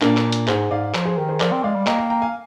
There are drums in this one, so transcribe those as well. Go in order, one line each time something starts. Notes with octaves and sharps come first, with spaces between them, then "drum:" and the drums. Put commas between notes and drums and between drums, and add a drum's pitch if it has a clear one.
A#2 A#3 D4, drum: clap
drum: clap
drum: hi-hat
G#2 G#4 C5, drum: clap
G#2 D5 F5
F3, drum: clap
G#4 C5
D#3 G4 A#4
G#4 C5
F3 A#4 D5, drum: clap
C4
G#3 D5 F5
G3
A#3 D#5 G5, drum: clap
G5 A#5
G5 A#5
F5 G#5